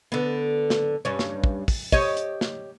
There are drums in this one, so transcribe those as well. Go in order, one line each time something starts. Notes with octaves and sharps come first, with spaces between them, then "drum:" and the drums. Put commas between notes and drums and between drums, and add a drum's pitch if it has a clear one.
D3 B3
drum: snare
G2 C#4
drum: snare
drum: kick
drum: kick, open hi-hat
G4 C#5 D#5, drum: kick
drum: hi-hat
drum: snare